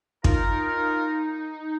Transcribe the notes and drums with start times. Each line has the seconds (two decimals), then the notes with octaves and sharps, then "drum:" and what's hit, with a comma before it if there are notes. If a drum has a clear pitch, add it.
0.24 D#4 F4 A#4, drum: kick